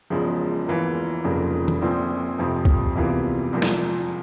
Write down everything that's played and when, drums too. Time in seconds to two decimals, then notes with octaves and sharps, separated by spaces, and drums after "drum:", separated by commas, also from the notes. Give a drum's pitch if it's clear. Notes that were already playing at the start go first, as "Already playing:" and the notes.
0.10 E1 E2 C#3 F3 G#3
0.68 E2 E3 A#3 F4 A#4
1.24 F1 F2 C#3 F3 A#3
1.68 drum: tom
1.81 A#1 A#2 F3 C4
2.39 F2 C3 F3 C4
2.65 drum: kick C2
2.95 E2 C3 E3 A#3 F4
3.53 C2 A#2 F3 A#3
3.62 drum: snare